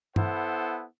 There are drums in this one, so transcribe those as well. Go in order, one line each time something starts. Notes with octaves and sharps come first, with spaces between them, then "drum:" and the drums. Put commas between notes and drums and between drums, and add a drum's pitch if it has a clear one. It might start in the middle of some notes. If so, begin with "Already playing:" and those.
B3 E4 A4 C5 F#5, drum: tom G2